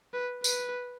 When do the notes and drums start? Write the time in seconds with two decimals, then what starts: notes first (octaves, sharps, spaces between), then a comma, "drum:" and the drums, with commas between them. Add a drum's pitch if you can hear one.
0.14 B4
0.44 B4, drum: tambourine